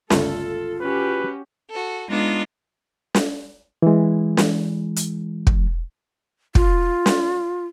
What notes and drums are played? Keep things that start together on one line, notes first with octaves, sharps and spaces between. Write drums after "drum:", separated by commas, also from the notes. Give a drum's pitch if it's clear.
G1 C#2 A3 F4 A4, drum: snare
C#4 F#4 G4 B4
F#4 A4
G#3 B3 D4 D#4 F4
drum: snare
E3 G#3
drum: snare
drum: hi-hat
drum: kick
F4, drum: kick
drum: snare